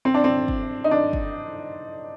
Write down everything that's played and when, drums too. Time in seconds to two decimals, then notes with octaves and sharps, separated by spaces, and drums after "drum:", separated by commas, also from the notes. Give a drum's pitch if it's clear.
0.05 C4
0.14 D4
0.24 C4
0.48 drum: kick
0.84 D#4
0.91 D4
1.13 drum: kick